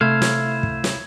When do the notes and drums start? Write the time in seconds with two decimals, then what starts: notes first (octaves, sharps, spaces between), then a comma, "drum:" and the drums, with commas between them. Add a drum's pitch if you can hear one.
0.01 C3 A3 E4 C5 F5 G#6
0.22 drum: snare
0.63 drum: kick
0.84 drum: snare